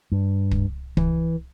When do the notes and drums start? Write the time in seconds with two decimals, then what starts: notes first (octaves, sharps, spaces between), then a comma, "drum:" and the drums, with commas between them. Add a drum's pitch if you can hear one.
0.12 G2
0.51 drum: kick
0.97 E3, drum: kick